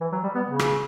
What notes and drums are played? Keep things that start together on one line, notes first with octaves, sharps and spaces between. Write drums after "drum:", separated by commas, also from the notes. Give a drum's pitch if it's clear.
E3
F#3
G3
B3
C#3
drum: rim click